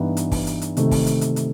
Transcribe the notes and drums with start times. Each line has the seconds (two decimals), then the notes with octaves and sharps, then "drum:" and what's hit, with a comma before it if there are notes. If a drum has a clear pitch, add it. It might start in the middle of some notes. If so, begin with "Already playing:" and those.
Already playing: G2 E3 B3 D#4
0.17 drum: hi-hat
0.32 drum: kick, open hi-hat
0.47 drum: hi-hat
0.61 drum: hi-hat
0.77 C3 D#3 A3, drum: hi-hat
0.91 drum: kick, open hi-hat
1.06 drum: hi-hat
1.21 drum: hi-hat
1.36 drum: hi-hat